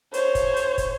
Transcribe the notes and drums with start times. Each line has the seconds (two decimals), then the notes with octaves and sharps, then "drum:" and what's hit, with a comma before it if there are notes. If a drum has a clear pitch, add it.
0.14 C5 C#5, drum: hi-hat
0.35 drum: kick, hi-hat
0.56 drum: hi-hat
0.78 drum: kick, hi-hat